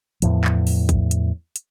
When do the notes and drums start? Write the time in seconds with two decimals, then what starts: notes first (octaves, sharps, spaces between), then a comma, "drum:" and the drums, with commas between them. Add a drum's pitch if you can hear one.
0.22 E2 A2 F3, drum: hi-hat
0.44 drum: clap
0.67 drum: open hi-hat
0.89 drum: kick A#1, hi-hat
1.11 drum: hi-hat
1.56 drum: hi-hat